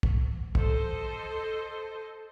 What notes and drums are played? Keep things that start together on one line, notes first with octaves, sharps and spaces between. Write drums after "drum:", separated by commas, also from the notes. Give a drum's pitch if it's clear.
drum: kick
A4 C5 D#5, drum: kick